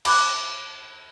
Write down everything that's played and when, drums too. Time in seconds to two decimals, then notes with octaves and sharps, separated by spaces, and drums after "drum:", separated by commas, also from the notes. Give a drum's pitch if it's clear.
0.05 B5 D6 F#6, drum: cymbal